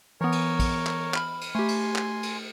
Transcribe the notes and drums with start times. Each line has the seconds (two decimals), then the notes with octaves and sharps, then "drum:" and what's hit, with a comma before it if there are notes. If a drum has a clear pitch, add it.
0.21 E3 B3 A#4 C#5
0.32 drum: cymbal
0.59 drum: kick, cymbal
0.87 drum: clap
1.14 B5 F6, drum: clap
1.41 drum: cymbal
1.55 A3 G4 G#5 C6
1.68 drum: cymbal
1.96 drum: clap
2.23 drum: cymbal